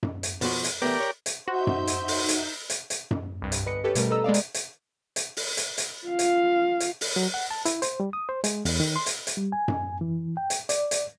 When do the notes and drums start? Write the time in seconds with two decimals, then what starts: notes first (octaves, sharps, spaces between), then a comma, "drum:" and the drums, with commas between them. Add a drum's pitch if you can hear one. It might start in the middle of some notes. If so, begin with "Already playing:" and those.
0.03 drum: tom F#2
0.23 drum: hi-hat
0.41 B2 F3 F#4, drum: open hi-hat
0.64 drum: hi-hat
0.82 E2 A3 B3 G4 A#4 D5
1.00 C#5
1.26 drum: hi-hat
1.48 D#4 F#4 C5 E5 G6
1.67 drum: tom F#2
1.87 drum: hi-hat
2.08 drum: open hi-hat
2.29 drum: hi-hat
2.70 drum: hi-hat
2.90 drum: hi-hat
3.11 drum: tom F#2
3.42 C2 G2
3.52 drum: hi-hat
3.66 G1 B4 D#5 C#7
3.84 C#4 G4 A4 B4 C#5
3.95 B2 G3 A3 A#4, drum: hi-hat
4.11 A4 B4 D#5 A#5 E6
4.24 G#3 B3 D5 F5
4.34 drum: hi-hat
4.54 drum: hi-hat
5.16 drum: hi-hat
5.37 drum: open hi-hat
5.57 drum: hi-hat
5.78 drum: hi-hat
6.07 F4 F5
6.19 drum: hi-hat
6.80 drum: hi-hat
7.01 drum: open hi-hat
7.16 F#3
7.34 F#5
7.51 A5
7.65 E4, drum: hi-hat
7.82 C5, drum: hi-hat
8.00 G3
8.13 D#6
8.29 C5
8.44 G#3, drum: hi-hat
8.65 E2, drum: open hi-hat
8.80 D#3
8.96 C6
9.06 drum: hi-hat
9.27 drum: hi-hat
9.37 G3
9.52 G#5
9.68 drum: tom F#2
10.01 E3
10.37 G5
10.50 drum: hi-hat
10.69 D5, drum: hi-hat
10.91 drum: hi-hat